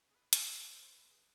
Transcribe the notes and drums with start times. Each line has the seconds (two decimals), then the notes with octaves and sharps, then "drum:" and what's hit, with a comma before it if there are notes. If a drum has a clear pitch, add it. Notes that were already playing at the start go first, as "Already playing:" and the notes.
0.10 G#4
0.15 B4
0.33 G#4, drum: hi-hat
0.42 B4
0.49 G#4
0.54 B4
0.67 C5
0.80 C5
0.92 B4
1.09 G#4